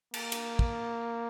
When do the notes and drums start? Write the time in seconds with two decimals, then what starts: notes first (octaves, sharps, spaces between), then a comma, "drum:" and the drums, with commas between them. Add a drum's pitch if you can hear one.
0.14 A#3, drum: cymbal
0.32 drum: cymbal
0.59 drum: kick